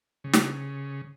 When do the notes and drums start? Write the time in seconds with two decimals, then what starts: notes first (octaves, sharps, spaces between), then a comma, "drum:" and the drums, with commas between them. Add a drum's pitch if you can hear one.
0.24 C#3
0.33 drum: snare